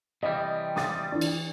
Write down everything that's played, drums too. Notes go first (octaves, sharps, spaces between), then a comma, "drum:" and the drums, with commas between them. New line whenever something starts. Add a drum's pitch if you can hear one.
C3 E3 G3 D#5
D6 D#6 A6, drum: snare
E3 D4
drum: cymbal